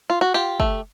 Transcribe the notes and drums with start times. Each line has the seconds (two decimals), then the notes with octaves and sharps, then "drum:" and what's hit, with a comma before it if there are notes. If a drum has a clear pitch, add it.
0.10 F4
0.21 F#4
0.34 F4 G4
0.60 A3, drum: kick